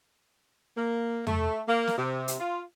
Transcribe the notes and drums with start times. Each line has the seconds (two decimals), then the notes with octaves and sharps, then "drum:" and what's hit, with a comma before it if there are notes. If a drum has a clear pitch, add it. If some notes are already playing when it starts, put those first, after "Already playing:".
0.77 A#3
1.27 A3, drum: tom E2
1.68 A#3
1.87 drum: snare
1.98 C3
2.28 drum: hi-hat
2.39 F4